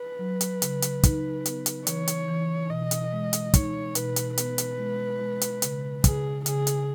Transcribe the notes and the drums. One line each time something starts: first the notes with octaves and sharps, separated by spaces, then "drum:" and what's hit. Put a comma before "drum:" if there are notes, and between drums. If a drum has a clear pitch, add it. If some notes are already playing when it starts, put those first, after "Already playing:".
Already playing: B4
F#3
drum: hi-hat
C#3, drum: hi-hat
drum: hi-hat
D#4, drum: kick, hi-hat
B3, drum: hi-hat
drum: hi-hat
E3 C#5, drum: hi-hat
drum: hi-hat
E3
B2 D#5
drum: hi-hat
G#3
drum: hi-hat
D#4 C#5, drum: kick, hi-hat
B2 B4, drum: hi-hat
drum: hi-hat
B3 B4, drum: hi-hat
drum: hi-hat
G#3
G#3
drum: hi-hat
C#3, drum: hi-hat
C#3 G#4, drum: kick, hi-hat
C#3 G#4, drum: hi-hat
drum: hi-hat